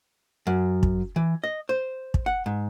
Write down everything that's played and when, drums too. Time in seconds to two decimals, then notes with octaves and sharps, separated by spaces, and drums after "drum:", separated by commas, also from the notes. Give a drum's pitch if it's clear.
0.47 F#2
0.83 drum: kick
1.16 E3
1.44 D#5
1.69 C5
2.14 drum: kick
2.26 F#5
2.46 G#2